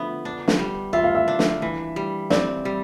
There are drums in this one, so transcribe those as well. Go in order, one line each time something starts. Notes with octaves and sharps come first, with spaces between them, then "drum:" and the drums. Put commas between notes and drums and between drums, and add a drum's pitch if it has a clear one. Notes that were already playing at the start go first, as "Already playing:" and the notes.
Already playing: D3 F3 B3 E5
D4
drum: snare
G3
F4 E5
F5
E5
D4
drum: snare
E3
G3
C4 D5, drum: snare
G3